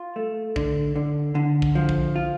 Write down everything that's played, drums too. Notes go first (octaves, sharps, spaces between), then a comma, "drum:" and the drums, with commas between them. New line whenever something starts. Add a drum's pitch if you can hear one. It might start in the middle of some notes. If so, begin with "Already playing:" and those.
Already playing: F4
A3
D3, drum: kick
D3
D3
drum: kick
F3
drum: kick
F4